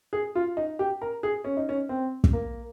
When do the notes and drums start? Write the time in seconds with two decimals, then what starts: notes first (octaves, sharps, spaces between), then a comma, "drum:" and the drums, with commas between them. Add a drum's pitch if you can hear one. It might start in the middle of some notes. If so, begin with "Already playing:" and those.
0.13 G#4
0.35 F4
0.57 D#4
0.79 G4
1.02 A#4
1.23 G#4
1.44 C#4
1.57 D#4
1.69 C#4
1.89 C4
2.24 drum: kick
2.33 A#3